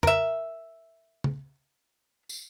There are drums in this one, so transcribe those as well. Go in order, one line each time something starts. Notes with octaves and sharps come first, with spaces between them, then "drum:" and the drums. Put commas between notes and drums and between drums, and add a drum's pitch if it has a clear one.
A#4 E5, drum: tom F2
drum: tom
drum: tambourine